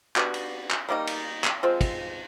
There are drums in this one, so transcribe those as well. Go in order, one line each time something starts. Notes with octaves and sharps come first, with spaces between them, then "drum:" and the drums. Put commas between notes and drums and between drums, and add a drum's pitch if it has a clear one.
G3 B3 D4 F#4, drum: clap
drum: cymbal
drum: clap
D#3 G3 A#3 D#4
drum: cymbal
drum: clap
F3 G#3 C4
drum: kick, cymbal